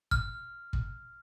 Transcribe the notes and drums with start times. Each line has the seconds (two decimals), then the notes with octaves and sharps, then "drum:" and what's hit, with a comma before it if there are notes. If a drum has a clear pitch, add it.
0.11 F6, drum: kick
0.73 drum: kick